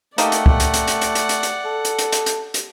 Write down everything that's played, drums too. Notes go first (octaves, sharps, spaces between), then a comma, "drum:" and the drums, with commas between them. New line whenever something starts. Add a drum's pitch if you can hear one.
A3 A#3 D#4 G4 D5 F#5, drum: hi-hat
drum: hi-hat
drum: kick
drum: hi-hat
drum: hi-hat
drum: hi-hat
drum: hi-hat
drum: hi-hat
drum: hi-hat
drum: hi-hat
A4
drum: hi-hat
drum: hi-hat
drum: hi-hat
drum: hi-hat
drum: hi-hat